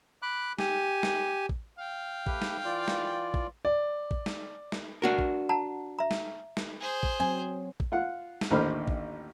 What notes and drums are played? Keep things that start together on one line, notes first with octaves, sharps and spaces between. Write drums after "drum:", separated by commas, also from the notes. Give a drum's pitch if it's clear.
B5 D6 F#6
G4 G#5, drum: snare
drum: snare
drum: kick A1
F5 G5
A3 G4 B4, drum: kick A1
drum: snare
E3 F4 D5
drum: snare
drum: kick A1
D5
drum: kick A1
drum: snare
drum: snare
D4 F#4 A#4
drum: kick A1
F#5 A5 A#5
E5 A#5
drum: snare
drum: snare
G#4 C5
drum: kick A1
F#3 C4 G#5
drum: kick A1
F4 F#5
drum: snare
A1 D#2 D3 C5 B5 F6
drum: kick A1